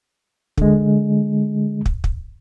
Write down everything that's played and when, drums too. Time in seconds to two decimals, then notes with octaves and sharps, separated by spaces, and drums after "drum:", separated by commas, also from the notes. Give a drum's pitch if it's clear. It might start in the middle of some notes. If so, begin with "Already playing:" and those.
0.58 D3 G#3, drum: kick
1.86 drum: kick
2.04 drum: kick